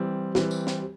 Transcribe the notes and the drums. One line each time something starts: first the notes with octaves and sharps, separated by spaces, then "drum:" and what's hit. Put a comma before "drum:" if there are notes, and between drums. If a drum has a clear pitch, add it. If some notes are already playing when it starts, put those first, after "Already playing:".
Already playing: E3 G3 C4
E3 G3 C4, drum: snare
drum: tambourine
drum: snare